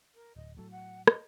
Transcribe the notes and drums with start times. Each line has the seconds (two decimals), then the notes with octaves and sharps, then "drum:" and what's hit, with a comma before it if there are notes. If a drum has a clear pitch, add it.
0.15 A#4
0.36 D1 D#5
0.57 A2 F#3 A4
0.71 F#5
1.08 D#5, drum: rim click